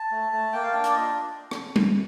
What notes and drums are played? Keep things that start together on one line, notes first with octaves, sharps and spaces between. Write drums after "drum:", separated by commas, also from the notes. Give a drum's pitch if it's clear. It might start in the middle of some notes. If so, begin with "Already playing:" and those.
Already playing: A5
A3
A3
A#3 G5
F5
D4 G5
D5, drum: hi-hat
F4 D#5
drum: rim click
drum: tom G3